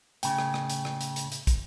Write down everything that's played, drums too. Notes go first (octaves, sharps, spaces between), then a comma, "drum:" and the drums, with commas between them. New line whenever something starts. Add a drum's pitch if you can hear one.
A2 C#3 G5, drum: hi-hat
drum: rim click
drum: rim click
drum: hi-hat
drum: rim click
drum: hi-hat
drum: hi-hat
drum: hi-hat
drum: kick, hi-hat